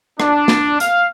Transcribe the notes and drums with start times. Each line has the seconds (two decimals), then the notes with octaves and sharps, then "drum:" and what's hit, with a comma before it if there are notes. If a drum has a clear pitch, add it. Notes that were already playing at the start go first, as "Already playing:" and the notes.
0.20 D4, drum: rim click
0.48 drum: snare
0.80 F5, drum: hi-hat